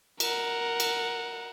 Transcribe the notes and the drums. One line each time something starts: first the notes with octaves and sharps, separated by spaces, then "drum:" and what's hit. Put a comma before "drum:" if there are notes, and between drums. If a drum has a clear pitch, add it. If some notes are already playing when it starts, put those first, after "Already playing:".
A#4 F#5, drum: cymbal
drum: cymbal